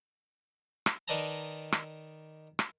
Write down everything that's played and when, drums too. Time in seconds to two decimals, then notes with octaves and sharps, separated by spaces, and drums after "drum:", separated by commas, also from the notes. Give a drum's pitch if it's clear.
0.86 drum: rim click
1.08 D#3 B4 D5 D#5 A5 A#5
1.72 drum: rim click
2.59 drum: rim click